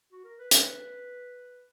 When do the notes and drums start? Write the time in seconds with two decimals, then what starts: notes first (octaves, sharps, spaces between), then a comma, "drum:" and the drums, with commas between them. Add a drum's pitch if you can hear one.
0.12 F#4
0.24 A#4
0.39 B4
0.51 B4, drum: hi-hat